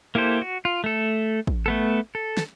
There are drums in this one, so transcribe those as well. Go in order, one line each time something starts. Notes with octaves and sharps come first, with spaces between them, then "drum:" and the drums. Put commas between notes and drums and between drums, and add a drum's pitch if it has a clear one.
A#3 E4 G4 A4 C5
F#4
F4
A3 A4
drum: kick
A3 B3 A4
A4
drum: snare